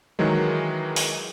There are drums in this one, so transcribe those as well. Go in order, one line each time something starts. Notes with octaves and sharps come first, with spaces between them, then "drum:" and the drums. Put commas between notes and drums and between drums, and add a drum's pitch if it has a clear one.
D#3 E3 F#3 G#3
drum: open hi-hat